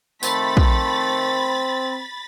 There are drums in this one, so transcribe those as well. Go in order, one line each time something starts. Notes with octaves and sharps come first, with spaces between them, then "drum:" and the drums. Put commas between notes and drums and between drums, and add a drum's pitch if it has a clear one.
D#3 F3 A3 C4 B5 A6 B6, drum: tambourine
drum: kick